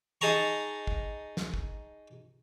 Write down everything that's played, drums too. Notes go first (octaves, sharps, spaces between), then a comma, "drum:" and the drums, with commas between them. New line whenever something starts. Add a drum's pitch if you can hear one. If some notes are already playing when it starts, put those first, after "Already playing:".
D#4 G#4 A5 A#5 C#6
drum: kick
drum: snare
drum: kick